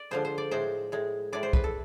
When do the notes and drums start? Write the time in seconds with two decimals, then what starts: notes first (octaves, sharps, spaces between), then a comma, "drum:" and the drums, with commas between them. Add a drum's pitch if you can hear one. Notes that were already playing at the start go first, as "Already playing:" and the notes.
Already playing: D5
0.11 D3 F3 G#3 C5
0.25 C5
0.38 D5
0.51 A2 G#3 C5
0.92 A2 G#3
1.33 A2 G#3 D5
1.43 C5
1.53 B4, drum: kick
1.64 A4